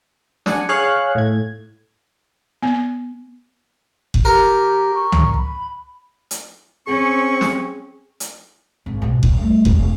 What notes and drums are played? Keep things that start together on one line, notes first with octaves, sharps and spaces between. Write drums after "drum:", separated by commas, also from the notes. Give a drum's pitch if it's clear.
D4 F#5 G#5, drum: snare
G#4 C#5 F5 F#6
A2 G#6
B3
drum: kick F#1
G4 A#4
C#6
drum: tom C#2
B5
drum: hi-hat
C4 C#4 G#4 C#6
drum: snare
drum: hi-hat
G#1
G#2 B2
D#1, drum: kick F#1
G3 A3
E1 D2, drum: kick F#1